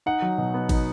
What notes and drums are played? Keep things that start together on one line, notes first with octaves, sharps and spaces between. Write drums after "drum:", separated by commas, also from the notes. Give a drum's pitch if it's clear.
D#4 F#5
F#3
B2
B3
D#4, drum: kick G#1, cymbal